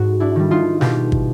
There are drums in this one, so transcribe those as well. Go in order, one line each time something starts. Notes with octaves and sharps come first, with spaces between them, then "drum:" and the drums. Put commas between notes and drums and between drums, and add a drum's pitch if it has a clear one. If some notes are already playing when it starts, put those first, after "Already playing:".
Already playing: G#2 F#4
D4 E4
D#3 G3
D#4 F4
B2 F4 G4, drum: snare
drum: kick